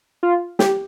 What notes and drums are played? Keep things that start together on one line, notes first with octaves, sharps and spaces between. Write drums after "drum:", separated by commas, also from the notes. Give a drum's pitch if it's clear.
F4
G4, drum: snare